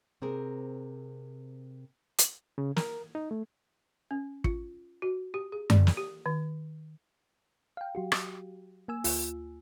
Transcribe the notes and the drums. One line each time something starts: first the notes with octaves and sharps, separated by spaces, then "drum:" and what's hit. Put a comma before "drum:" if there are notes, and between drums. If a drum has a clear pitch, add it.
C3 C4 G#4 A#4
drum: hi-hat
C#3
A#4, drum: snare
D#4
A3
C#4
F4, drum: kick
F#4
G4
G#4
D5, drum: tom F#2
drum: snare
G4
D#3
F5 G5
F#3 F#4 G4
drum: rim click
A#3 G#5 E6
D2 F4, drum: open hi-hat